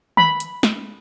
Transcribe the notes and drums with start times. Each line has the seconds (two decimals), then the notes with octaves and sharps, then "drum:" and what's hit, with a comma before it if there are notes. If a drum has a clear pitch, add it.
0.17 B5, drum: tom D#3
0.40 drum: hi-hat
0.63 drum: snare